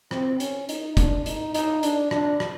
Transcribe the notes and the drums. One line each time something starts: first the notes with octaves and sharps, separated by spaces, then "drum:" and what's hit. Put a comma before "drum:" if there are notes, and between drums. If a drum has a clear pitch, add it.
C4, drum: rim click
C#4, drum: hi-hat
D#4, drum: hi-hat
D4, drum: kick, hi-hat
D#4, drum: hi-hat
D#4, drum: hi-hat
D4, drum: hi-hat
D4, drum: rim click
drum: rim click